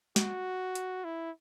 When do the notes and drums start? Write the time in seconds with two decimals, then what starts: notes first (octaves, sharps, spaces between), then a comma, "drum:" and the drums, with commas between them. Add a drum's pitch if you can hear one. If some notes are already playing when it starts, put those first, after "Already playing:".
0.16 F#4, drum: snare
0.75 drum: hi-hat
1.04 E4